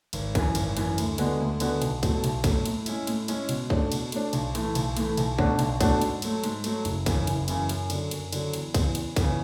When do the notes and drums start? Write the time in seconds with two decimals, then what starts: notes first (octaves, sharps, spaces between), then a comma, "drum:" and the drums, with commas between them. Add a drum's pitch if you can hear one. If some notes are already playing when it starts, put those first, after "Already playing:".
0.13 G#1, drum: cymbal
0.35 F#2 E3, drum: kick, cymbal
0.55 G#1, drum: cymbal
0.77 F#2 E3, drum: cymbal
0.98 D2, drum: cymbal
1.18 D3 G#3 B3 F#4, drum: cymbal
1.40 D2
1.60 D3 G#3 B3 F#4, drum: cymbal
1.82 B1, drum: cymbal
2.03 B2 F#3 A3, drum: kick, cymbal
2.24 B1, drum: cymbal
2.44 B2 F#3 A3, drum: kick, cymbal
2.66 A2, drum: cymbal
2.86 G#3 C#4 E4, drum: cymbal
3.07 A2, drum: cymbal
3.28 G#3 C#4 E4, drum: cymbal
3.49 B2, drum: cymbal
3.70 A3 D4, drum: kick
3.92 B2, drum: cymbal
4.12 A3 D4, drum: cymbal
4.33 B1, drum: cymbal
4.55 A2 E3 A3, drum: cymbal
4.75 B1, drum: cymbal
4.97 A2 E3 A3, drum: cymbal
5.17 B1, drum: cymbal
5.39 B2 A3 D4 F#4, drum: kick
5.59 B1, drum: cymbal
5.81 B2 A3 D4 F#4, drum: kick, cymbal
6.01 G#2, drum: cymbal
6.22 F#3 A3, drum: cymbal
6.44 G#2, drum: cymbal
6.64 F#3 A3, drum: cymbal
6.85 F#1, drum: cymbal
7.06 F#2 C#3 E3, drum: kick, cymbal
7.27 F#1, drum: cymbal
7.48 F#2 C#3 E3, drum: cymbal
7.69 F#2, drum: cymbal
7.90 D3 F#3, drum: cymbal
8.11 F#2, drum: cymbal
8.33 D3 F#3, drum: cymbal
8.53 E2, drum: cymbal
8.74 C#3 E3 B3, drum: kick, cymbal
8.95 E2, drum: cymbal
9.16 C#3 E3 B3, drum: kick, cymbal